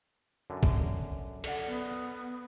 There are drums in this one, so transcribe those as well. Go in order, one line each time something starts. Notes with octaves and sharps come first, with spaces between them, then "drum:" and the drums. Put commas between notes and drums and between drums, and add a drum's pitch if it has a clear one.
F#2 D3
drum: kick
A4 D5 F#5, drum: cymbal
B3